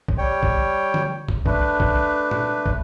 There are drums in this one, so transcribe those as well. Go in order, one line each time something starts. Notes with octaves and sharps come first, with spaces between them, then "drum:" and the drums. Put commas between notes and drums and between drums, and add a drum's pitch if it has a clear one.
drum: kick
G3 C#5 G5
drum: kick
drum: tom
drum: kick
A3 D4 B4, drum: kick
drum: kick
drum: tom
drum: kick